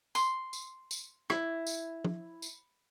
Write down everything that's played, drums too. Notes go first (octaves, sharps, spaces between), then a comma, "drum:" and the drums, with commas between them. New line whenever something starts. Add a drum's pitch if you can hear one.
C6, drum: tambourine
drum: tambourine
drum: tambourine
E4, drum: rim click
drum: tambourine
drum: tom
drum: tambourine